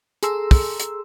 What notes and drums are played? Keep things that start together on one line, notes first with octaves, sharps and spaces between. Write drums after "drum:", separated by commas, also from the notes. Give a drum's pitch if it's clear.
G#4 A4 A#5 C6 E6, drum: hi-hat
drum: kick, open hi-hat
drum: hi-hat